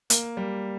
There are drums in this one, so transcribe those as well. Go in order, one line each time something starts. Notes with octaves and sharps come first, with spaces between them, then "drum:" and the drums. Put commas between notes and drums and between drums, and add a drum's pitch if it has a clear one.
A#3, drum: hi-hat
G3